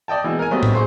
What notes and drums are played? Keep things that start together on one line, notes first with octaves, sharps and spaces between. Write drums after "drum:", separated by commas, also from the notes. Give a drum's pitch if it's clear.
D5 D#5 G5 A5
B2 E3 G#3
A#4 G#5
F#3 G3 A3 B3 C4 D#5
drum: tom A2
A#2 G#4 C5 C#6